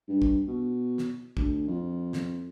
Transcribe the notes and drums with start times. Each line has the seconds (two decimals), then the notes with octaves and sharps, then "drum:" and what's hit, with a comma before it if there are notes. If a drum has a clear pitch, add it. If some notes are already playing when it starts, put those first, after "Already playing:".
0.08 G2
0.22 drum: kick
0.48 B2
0.98 drum: snare
1.37 D2, drum: kick
1.67 F2
2.13 drum: snare